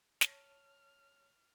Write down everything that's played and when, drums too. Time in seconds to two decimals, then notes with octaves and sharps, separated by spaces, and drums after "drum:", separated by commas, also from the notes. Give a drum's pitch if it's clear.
0.21 C#5 A5 F6, drum: snare